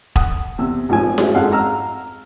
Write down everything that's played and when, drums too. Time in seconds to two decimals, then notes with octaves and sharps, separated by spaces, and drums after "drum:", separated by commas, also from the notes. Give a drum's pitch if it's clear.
0.16 F#5 D#6, drum: kick E1
0.58 E2 C3 E6
0.89 G#1 A2 F3 G#5
1.18 G#3 C#4 F#4 E5, drum: snare E4
1.35 G#1 F2 G#3 A4 F5 F#5
1.52 A#5 E6 F6